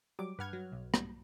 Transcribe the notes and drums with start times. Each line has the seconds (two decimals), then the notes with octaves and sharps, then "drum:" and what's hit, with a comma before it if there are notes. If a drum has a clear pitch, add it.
0.19 F#3 G3 D6
0.39 G2 B4 F#5 F6 G#6
0.53 F#3
0.72 B1
0.94 G#2 G3, drum: rim click